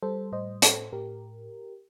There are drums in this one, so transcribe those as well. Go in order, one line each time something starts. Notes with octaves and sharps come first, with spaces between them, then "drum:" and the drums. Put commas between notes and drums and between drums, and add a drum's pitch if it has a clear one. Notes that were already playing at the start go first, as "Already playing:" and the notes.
G3 A4 C5
A2 C5 D#5
A2 A4 C5, drum: hi-hat
A2 G4 A#4